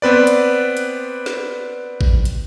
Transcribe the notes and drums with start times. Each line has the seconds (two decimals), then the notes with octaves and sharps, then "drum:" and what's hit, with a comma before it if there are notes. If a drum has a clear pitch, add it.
0.02 B3 C4 B4 D5
0.27 drum: hi-hat
0.77 drum: hi-hat
1.26 drum: snare
2.01 drum: kick A1
2.25 drum: hi-hat